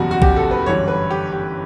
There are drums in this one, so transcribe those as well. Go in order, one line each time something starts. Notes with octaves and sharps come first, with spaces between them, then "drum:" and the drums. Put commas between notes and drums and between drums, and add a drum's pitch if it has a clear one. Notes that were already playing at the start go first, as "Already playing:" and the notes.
Already playing: F#1 E2 B2 G3 F#4
F#4
G4, drum: kick A1
A4
B4
G1 F#2 E3 G3 C#5
B4
G4
G4